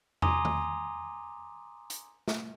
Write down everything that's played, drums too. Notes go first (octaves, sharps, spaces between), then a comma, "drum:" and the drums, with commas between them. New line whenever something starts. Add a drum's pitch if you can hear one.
G#5 A#5 C6 D6 D#6, drum: tom
drum: tom
drum: hi-hat
drum: snare